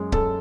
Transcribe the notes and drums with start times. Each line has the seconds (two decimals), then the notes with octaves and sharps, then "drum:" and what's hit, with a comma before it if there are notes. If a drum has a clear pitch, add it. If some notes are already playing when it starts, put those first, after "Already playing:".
Already playing: F#2 G#3
0.12 F#2 A4, drum: kick C#1